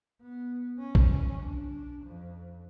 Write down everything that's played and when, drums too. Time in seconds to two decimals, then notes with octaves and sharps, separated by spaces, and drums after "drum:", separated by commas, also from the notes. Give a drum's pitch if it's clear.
0.22 B3
0.79 C#4
0.95 drum: kick A#1
1.43 D4
2.05 F2